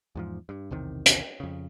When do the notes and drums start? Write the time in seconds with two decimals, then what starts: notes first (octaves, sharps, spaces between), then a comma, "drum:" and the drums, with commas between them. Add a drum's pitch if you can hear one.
0.15 E2 G#2 F3
0.49 G2
0.71 B1 E2 C3 D#3
1.06 drum: hi-hat
1.40 F2 C#3